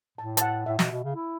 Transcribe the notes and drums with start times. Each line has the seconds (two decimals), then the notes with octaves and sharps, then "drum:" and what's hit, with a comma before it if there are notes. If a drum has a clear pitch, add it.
0.18 A2 A5
0.37 A5, drum: hi-hat
0.42 F#5
0.66 A2 E5
0.79 B2, drum: snare
0.91 B2
1.04 C#3
1.15 E4